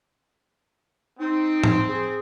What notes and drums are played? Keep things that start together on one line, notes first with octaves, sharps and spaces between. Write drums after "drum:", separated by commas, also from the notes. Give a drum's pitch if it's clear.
C4 D#4
drum: tom A2
G#4